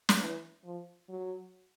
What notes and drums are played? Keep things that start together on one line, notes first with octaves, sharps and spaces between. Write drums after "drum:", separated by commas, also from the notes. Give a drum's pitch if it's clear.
drum: snare
E3
F3
F#3